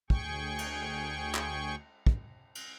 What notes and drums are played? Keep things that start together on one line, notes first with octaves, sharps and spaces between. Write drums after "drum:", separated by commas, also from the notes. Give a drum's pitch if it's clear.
D2 G#4 G5 C#6, drum: kick
drum: cymbal
drum: clap
drum: kick
drum: cymbal